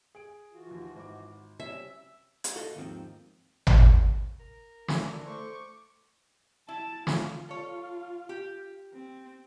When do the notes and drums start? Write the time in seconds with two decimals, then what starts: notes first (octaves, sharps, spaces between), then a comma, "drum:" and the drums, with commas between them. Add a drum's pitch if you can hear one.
0.15 G#4 D7
0.53 E3 F4 F#4
0.67 D#2 F3
0.96 G#1 D6
1.60 F#3 G3 C4 C#4 E5
2.44 drum: hi-hat
2.56 F#4 A4 D#5 F5
2.75 D#2 G#2 D#3 F3 C4
3.67 drum: tom G#1
4.40 A#4
4.88 D4 E4, drum: snare
5.26 A3 C5 C#6 D6
6.69 E4 A5
7.07 F4, drum: snare
7.49 A4 C#5
8.29 G4
8.93 C4